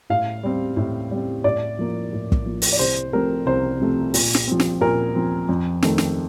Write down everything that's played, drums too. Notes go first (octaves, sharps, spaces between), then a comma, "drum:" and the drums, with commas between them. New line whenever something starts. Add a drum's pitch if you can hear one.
A2 F5
G3 C4
A2
G3 C4
A2 D5
F3 A#3
A2
drum: kick
F3 A#3
drum: open hi-hat
D5
C2 C5
C3 F3 A3 C4 A#4
C2 C5
C3 F3 A3 C4
A#2, drum: open hi-hat
drum: snare
F3 C4
drum: snare
A#2 A#4
F3 C4
F2
D#3 A3 C4, drum: snare
drum: snare